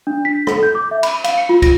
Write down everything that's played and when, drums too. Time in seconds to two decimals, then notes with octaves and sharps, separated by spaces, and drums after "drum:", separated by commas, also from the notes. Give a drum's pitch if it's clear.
0.07 D4
0.25 B6
0.47 A4, drum: rim click
0.63 G6
0.75 D6
0.91 E5
1.03 B5, drum: cymbal
1.24 F5, drum: cymbal
1.38 C#7
1.49 F4
1.62 A#6, drum: kick, cymbal